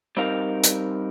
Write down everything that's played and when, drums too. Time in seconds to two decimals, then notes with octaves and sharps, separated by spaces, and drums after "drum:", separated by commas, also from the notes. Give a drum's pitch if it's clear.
0.17 G3 C4 D#4 A#4 F5
0.64 drum: hi-hat